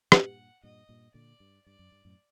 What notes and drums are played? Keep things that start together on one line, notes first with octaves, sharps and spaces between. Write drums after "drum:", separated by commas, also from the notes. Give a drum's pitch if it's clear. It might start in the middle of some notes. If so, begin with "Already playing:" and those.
G2 A#2 F#5, drum: rim click
G2 A#2 D#5
G2 A#2
A#2 D3 D5
G2
G2 D5
F#2
G2
F#2 A2